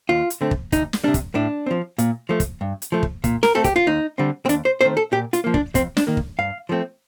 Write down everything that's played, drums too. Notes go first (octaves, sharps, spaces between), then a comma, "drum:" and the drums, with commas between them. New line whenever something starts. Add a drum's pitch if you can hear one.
D#2 F4
drum: hi-hat
D3 A3 C4
drum: kick
D2 D#4, drum: kick, hi-hat
drum: snare
C3 G3 D4
drum: kick, hi-hat
A2 D4
F3 C4
A#2, drum: hi-hat
F3 A3
drum: kick, hi-hat
G2
drum: hi-hat
F3 A3
drum: kick
A#2, drum: kick, hi-hat
A#4, drum: snare
A3 C4 A4
G4, drum: kick, hi-hat
F4
D#2 D#4
D3 G3 C4
C4
D#2 D4, drum: hi-hat
C5
D#3 A3 C4 C5
A4
A#2 G4
F4, drum: hi-hat
F3 A#3
D4, drum: kick
F2 C4, drum: kick, hi-hat
D4, drum: snare
D#3 A#3
drum: kick
G2 F5
F3 A3 C4